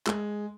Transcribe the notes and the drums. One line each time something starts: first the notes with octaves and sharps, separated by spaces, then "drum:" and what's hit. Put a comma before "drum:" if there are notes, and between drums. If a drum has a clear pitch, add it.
G#3, drum: clap